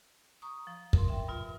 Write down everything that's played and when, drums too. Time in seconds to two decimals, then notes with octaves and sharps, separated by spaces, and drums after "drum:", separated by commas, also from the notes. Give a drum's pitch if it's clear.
0.42 A#5 C#6 D#6
0.67 F3
0.93 A#4 C6, drum: kick
1.08 E5 G5
1.28 G2 B2 F4